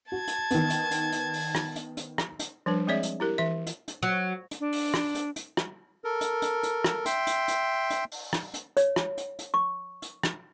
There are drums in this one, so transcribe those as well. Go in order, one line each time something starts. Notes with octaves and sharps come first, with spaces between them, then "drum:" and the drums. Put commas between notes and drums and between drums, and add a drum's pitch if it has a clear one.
F#4 A5 G#6
drum: hi-hat
D#3 B3, drum: hi-hat
drum: hi-hat
drum: hi-hat
drum: hi-hat
drum: open hi-hat
drum: rim click
drum: hi-hat
drum: hi-hat
drum: rim click
drum: hi-hat
F3 G3 D4 B4
G#3 C4 G#4 C#5 D5 E5
drum: hi-hat
E4 G4 A#4
E3 E5
drum: hi-hat
drum: hi-hat
F#3
drum: hi-hat
D4
drum: open hi-hat
drum: rim click
drum: hi-hat
drum: hi-hat
drum: rim click
A4 A#4
drum: hi-hat
drum: hi-hat
drum: hi-hat
drum: rim click
E5 G5 C6, drum: hi-hat
drum: hi-hat
drum: hi-hat
drum: hi-hat
drum: open hi-hat
drum: rim click
drum: hi-hat
C#5, drum: hi-hat
drum: rim click
drum: hi-hat
drum: hi-hat
C#6
drum: hi-hat
drum: rim click